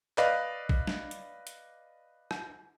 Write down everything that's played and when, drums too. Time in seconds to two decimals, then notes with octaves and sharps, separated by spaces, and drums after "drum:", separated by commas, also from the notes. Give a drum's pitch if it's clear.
0.18 B4 D5 D#5 F5, drum: clap
0.69 drum: kick A#1
0.87 drum: snare
1.11 drum: hi-hat
1.47 drum: hi-hat
2.31 drum: rim click